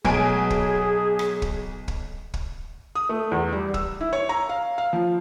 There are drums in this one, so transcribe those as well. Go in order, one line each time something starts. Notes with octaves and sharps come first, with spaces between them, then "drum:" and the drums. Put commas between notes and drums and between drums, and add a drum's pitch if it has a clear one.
B1 G#4 G#5 D7, drum: kick
drum: kick
drum: rim click
drum: kick
drum: kick
drum: kick
D#6
A3
E2
G3
E6, drum: kick
E4
C#5
A#5
F5
F5
F3